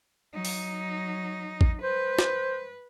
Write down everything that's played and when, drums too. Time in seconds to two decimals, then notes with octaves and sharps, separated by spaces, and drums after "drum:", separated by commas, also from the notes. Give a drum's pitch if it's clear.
0.34 F#3 D#4
0.45 drum: open hi-hat
1.61 drum: kick A1
1.82 B4 C5
2.19 drum: snare